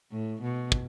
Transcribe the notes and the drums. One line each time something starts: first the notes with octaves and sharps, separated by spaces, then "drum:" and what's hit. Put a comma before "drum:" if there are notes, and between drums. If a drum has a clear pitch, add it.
A2
B2
drum: kick